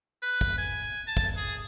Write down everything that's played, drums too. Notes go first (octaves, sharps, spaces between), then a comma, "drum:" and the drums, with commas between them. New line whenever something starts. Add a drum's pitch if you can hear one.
B4
drum: kick
G#5
A5
drum: kick
G#4